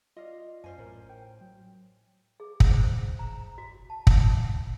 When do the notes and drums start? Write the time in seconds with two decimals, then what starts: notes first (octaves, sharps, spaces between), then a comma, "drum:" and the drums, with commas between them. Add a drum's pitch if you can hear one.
0.17 F4 D5 D#5 F5
0.64 F#2 C#4 C5 G#5
0.78 A1 A2 A#4
1.10 G5
1.41 F#3
2.40 G#4
2.60 drum: kick
2.71 C5
3.19 A#5
3.58 F#4
3.90 A5
4.07 drum: kick
4.37 F#5